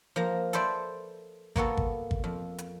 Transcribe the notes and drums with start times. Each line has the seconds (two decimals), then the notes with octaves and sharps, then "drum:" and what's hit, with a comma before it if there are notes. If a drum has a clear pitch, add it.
0.16 F3 A#3 A#5
0.53 A4 B4 C5 D5 E5, drum: hi-hat
1.56 A#3 B3 F#4 A4, drum: kick
1.77 drum: kick
2.11 drum: kick
2.24 F2
2.58 drum: hi-hat